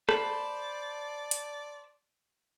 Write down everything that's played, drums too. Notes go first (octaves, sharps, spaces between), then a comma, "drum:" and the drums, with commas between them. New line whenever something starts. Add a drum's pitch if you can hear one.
C5 D5 A5 B5, drum: rim click
drum: hi-hat